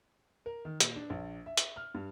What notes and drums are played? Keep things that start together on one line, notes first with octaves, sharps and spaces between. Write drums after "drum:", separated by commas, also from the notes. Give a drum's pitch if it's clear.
A#4
D#3
A#2, drum: hi-hat
D4
A#1
E5
drum: hi-hat
F6
G2